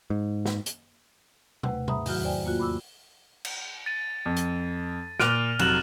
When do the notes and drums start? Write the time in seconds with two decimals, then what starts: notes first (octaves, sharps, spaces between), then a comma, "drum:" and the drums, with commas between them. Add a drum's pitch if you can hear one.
0.10 G#2
0.46 drum: snare
0.66 drum: hi-hat
1.63 D#2 C3 A3 B4 F#5, drum: tom B2
1.88 G#2 E5 A#5 B5 D#6, drum: tom B2
2.06 E2 D#3 F#3 F#4 F6 G6, drum: open hi-hat
2.24 C5 D5 G5 G#5
2.46 A#3 F4 F#4
2.59 B5 D6 E6
3.45 drum: cymbal
3.86 A6 D#7
4.26 F2
4.37 drum: hi-hat
5.20 A#2 F6 F#6 D7 D#7 F7, drum: snare
5.59 F1 F#3 F#6 E7 F#7, drum: cymbal